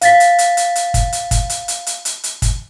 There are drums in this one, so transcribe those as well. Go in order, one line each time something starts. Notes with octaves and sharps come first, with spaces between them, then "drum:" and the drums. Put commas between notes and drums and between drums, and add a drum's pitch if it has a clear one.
F5 A6 B6, drum: hi-hat
drum: hi-hat
drum: hi-hat
drum: hi-hat
drum: hi-hat
drum: kick, hi-hat
drum: hi-hat
drum: kick, hi-hat
drum: hi-hat
drum: hi-hat
drum: hi-hat
drum: hi-hat
drum: hi-hat
drum: kick, hi-hat